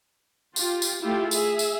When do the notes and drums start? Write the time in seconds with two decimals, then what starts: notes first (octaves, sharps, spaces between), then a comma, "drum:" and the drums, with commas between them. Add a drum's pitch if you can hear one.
0.56 F4 G4, drum: tambourine
0.82 drum: tambourine
1.01 A3 E4 F4 G4
1.31 G#4 E5, drum: tambourine
1.59 drum: tambourine